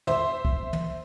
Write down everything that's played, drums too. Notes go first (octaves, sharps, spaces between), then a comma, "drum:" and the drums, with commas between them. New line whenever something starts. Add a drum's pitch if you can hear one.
C5 E5, drum: tom
drum: kick
drum: tom